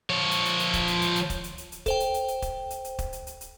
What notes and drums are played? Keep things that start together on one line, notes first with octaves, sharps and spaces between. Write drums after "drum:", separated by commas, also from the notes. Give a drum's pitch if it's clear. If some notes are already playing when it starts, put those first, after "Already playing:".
F3 C#5
drum: hi-hat
drum: hi-hat
drum: hi-hat
drum: kick, hi-hat
drum: hi-hat
drum: hi-hat
drum: hi-hat
drum: kick, hi-hat
drum: hi-hat
drum: hi-hat
drum: hi-hat
A4 C5 G5, drum: kick, hi-hat
drum: hi-hat
drum: hi-hat
drum: hi-hat
drum: kick, hi-hat
drum: hi-hat
drum: hi-hat
drum: kick, hi-hat
drum: hi-hat
drum: hi-hat
drum: hi-hat